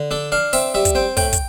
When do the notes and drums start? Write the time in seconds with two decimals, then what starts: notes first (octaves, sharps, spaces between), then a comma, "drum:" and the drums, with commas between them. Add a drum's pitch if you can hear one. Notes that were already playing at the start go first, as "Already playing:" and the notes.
Already playing: D3
0.11 D4 A4
0.32 D4 F5
0.53 C4 E5, drum: open hi-hat
0.74 G3 E5
0.85 drum: kick, hi-hat
0.95 C4 G5
1.17 A2 G5, drum: kick, open hi-hat
1.33 drum: kick, hi-hat